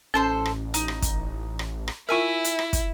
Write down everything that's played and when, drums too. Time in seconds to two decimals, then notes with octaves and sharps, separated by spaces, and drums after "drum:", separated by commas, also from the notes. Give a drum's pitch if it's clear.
0.14 A1 C#4 A4 C5 C6
0.46 drum: rim click
0.74 D#4, drum: hi-hat
0.88 drum: rim click
1.02 drum: kick, hi-hat
1.59 drum: rim click
1.88 drum: rim click
2.09 E4 F4 A#4 E5 G#5
2.44 drum: hi-hat
2.59 drum: rim click
2.73 drum: kick, hi-hat